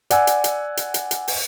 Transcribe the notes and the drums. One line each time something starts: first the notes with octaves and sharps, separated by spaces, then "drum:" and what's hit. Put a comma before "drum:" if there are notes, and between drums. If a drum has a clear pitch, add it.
D5 F#5 G#5 E6, drum: hi-hat
drum: hi-hat
drum: hi-hat
drum: hi-hat
drum: hi-hat
drum: hi-hat
drum: open hi-hat